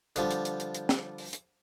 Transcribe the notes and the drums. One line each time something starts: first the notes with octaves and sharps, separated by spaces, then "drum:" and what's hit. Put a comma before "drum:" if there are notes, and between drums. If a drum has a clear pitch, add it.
D3 F3 G3, drum: hi-hat
drum: hi-hat
drum: hi-hat
drum: hi-hat
drum: hi-hat
drum: snare
drum: open hi-hat
drum: hi-hat